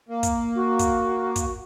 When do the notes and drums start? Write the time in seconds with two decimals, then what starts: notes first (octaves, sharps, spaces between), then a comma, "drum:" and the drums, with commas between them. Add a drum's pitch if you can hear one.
0.09 A#3
0.23 drum: kick, hi-hat
0.55 F#4
0.79 drum: kick, hi-hat
1.36 drum: kick, hi-hat